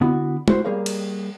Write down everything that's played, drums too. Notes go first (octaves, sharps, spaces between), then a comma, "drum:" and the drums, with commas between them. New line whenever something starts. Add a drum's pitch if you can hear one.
D3 B3 E4 F#4
E4 F#4 C5, drum: tom
G3 A#3 G#4 A#4 C#5 F5
drum: cymbal